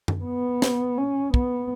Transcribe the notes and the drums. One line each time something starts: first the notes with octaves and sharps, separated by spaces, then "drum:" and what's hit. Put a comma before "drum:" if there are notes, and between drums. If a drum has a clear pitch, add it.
drum: tom F#2
B3
drum: snare
C#4
B3, drum: kick